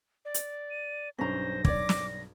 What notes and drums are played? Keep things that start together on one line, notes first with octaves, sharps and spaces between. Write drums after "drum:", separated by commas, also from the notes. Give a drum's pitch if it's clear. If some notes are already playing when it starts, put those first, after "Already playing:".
D5
drum: hi-hat
D#7
B1 G2 C#4 C5 A#5 A#6
C#5 D5 D6, drum: kick
drum: snare